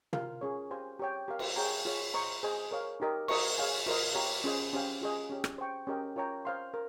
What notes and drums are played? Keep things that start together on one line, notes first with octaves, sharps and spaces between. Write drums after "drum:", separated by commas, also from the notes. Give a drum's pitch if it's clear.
F4 A#4 F5, drum: tom
C#4 G#4 C#5
G4 C5 F5 G#5 C6
G4 C#5 G5
G4 A#4 F5
drum: cymbal
G#4 C#5 G5 A#5
F4 G#4 C#5
C5 D#5 A#5 C#6
G#4 C5 D#5 G#5
A#4 C#5 F5
D#4 G4 A#4 D#5
A#4 D#5 A#5 C#6, drum: cymbal
G#4 C#5 F5 G#5
F4 A#4 D#5, drum: cymbal
G4 C#5 F5 A#5
C#4 F4 G#4 C5 D#5
C#4 G4 C5 F5 G#5
F4 G#4 D#5
C#4 G4 C#5
drum: rim click
C5 G5 C#6
C#4 G4 A#4 D#5 G5
F4 A#4 C#5 G5 A#5
C5 F5 C6
A#4